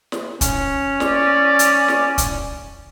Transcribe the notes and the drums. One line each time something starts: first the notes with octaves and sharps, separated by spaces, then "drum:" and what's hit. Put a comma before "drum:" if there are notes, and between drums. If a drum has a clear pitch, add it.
drum: snare
C#4, drum: kick, hi-hat
D5, drum: snare
drum: hi-hat
drum: snare
drum: kick, hi-hat